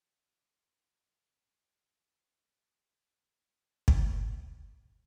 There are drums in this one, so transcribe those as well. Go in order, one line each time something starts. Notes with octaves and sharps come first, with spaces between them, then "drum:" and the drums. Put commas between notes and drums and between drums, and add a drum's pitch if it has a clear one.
A2 C6
B2 D4
D3 F3 D4 B4
drum: kick